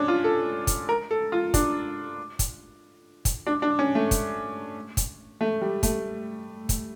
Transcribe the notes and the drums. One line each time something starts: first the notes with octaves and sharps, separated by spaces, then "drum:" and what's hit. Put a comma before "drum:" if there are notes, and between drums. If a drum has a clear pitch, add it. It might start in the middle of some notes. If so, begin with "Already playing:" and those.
Already playing: C#4 D4
F4
A4
drum: kick, hi-hat
A#4
A4
F4
D4, drum: kick, hi-hat
drum: kick, hi-hat
drum: kick, hi-hat
D4
D4
C#4
A3
drum: kick, hi-hat
drum: kick, hi-hat
A3
G3
A3, drum: kick, hi-hat
drum: kick, hi-hat